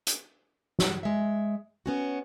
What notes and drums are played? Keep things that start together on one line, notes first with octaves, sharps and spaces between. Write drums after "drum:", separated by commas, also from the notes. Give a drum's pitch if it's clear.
drum: hi-hat
drum: snare
G#3 E5
B3 C#4 F#4